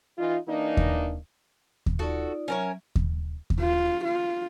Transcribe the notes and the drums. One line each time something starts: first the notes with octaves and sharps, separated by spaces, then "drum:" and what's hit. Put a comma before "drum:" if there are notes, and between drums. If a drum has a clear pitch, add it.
E3 D#4 F4
E3 A#3 D4 D#4
drum: kick D#2
drum: kick D#2
D#4 F4 F#4 A4 D5
F#3 C#4 A#4 C#5 E5
drum: kick D#2
drum: kick D#2
F4
F4